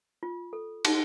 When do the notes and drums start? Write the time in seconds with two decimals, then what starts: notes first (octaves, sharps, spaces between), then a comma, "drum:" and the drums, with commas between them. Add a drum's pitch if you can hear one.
0.23 F4
0.53 A4
0.85 D#4, drum: cymbal